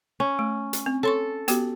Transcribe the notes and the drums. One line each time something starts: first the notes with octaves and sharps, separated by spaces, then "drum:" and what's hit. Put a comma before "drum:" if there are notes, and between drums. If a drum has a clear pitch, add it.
C#4
A3
drum: hi-hat
C4
A4 C#5 C6 C#6
B3 F#4 G4, drum: hi-hat